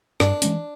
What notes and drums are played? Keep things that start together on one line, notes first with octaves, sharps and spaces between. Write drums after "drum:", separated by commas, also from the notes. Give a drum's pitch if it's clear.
G2 D4, drum: rim click
E3 G#3 C#4, drum: hi-hat